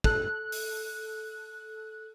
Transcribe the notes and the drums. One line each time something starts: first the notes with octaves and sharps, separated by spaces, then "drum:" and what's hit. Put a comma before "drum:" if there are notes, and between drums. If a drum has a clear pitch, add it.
A4 F#6, drum: kick
drum: open hi-hat